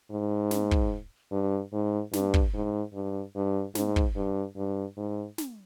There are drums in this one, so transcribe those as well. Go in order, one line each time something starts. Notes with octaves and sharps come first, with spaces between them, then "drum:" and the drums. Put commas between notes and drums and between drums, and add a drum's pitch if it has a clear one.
G#2
drum: snare
drum: kick
G2
G#2
G2, drum: snare
drum: kick
G#2
G2
G2
G#2, drum: snare
drum: kick
G2
G2
G#2
drum: snare